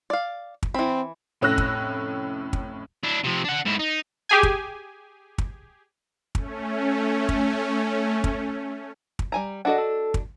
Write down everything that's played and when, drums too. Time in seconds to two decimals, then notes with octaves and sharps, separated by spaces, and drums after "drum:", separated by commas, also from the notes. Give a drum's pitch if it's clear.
0.10 D5 F5
0.63 drum: kick
0.74 E3 C4 B5
1.41 F1 A2 C#4 E6 F#6 A#6
1.58 drum: kick
2.53 drum: kick
3.04 D4 E4
3.24 C3 F3
3.45 D4 F#5
3.66 G#2 E4
3.80 D#4
4.29 G4 G#4 G#5
4.43 drum: kick
5.38 drum: kick
6.35 A3 C#4, drum: kick
7.29 drum: kick
8.24 drum: kick
9.19 drum: kick
9.32 G3 G#5 A#5
9.65 D4 F#4 A4 D5 D#5 F#5
9.78 A4
10.14 drum: kick